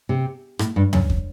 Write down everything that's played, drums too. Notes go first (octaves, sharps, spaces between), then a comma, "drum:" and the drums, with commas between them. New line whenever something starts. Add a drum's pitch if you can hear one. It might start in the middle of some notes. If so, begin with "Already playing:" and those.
C3
A2, drum: rim click
G2
F#2, drum: tom D2
drum: kick